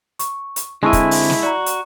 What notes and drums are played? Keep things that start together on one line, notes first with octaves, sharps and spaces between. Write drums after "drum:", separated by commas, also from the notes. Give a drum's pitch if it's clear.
C#6, drum: hi-hat
drum: hi-hat
D3 G#3 C4 E4 G#5 A5 C#6 E6
drum: kick, hi-hat
drum: open hi-hat
drum: snare
F#4 D5 A#5
drum: hi-hat